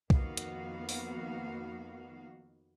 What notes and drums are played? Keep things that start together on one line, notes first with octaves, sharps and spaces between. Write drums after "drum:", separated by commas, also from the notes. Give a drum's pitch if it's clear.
F2 D#3 A#3 B3 F#4 F5, drum: kick B1
drum: hi-hat
drum: open hi-hat